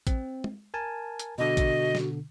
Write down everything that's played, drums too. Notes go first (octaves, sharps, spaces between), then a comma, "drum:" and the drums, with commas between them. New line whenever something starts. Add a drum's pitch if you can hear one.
C4, drum: kick, hi-hat
drum: tom
A#4 G#5 A5
drum: hi-hat
B2 D3 F#4 D#5
drum: kick, hi-hat
drum: snare